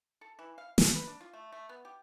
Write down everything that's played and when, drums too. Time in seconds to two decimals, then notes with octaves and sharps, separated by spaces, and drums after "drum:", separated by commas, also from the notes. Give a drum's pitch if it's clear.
0.21 A4
0.39 E3
0.58 F5
0.78 C#4, drum: snare
0.95 B4
1.07 D4
1.21 F4
1.33 A3
1.52 A3
1.69 B3
1.85 G4